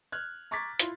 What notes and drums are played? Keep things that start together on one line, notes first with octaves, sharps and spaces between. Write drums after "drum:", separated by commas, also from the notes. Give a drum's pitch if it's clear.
F6 F#6 G#6
A#5 C#6 D6 G#6 A6 B6
E4 F4 C6, drum: hi-hat